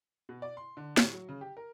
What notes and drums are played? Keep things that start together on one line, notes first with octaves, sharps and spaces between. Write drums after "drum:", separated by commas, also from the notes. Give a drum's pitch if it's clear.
B2
D5
C6
D3
A2, drum: snare
F#3
C#3
G4
A#4